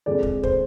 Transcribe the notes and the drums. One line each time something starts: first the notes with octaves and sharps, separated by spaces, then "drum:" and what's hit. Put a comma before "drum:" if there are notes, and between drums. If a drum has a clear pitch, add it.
F2 D3 G#3 D5
drum: kick
C5, drum: kick